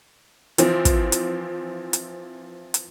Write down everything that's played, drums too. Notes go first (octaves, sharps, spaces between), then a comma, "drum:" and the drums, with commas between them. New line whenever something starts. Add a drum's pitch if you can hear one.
E3 F3 C4, drum: hi-hat
drum: kick, hi-hat
drum: hi-hat
drum: hi-hat
drum: hi-hat